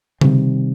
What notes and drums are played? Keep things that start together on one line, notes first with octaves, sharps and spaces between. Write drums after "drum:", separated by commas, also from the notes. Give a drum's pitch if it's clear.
C3 D#3 G3 C4, drum: tom C#3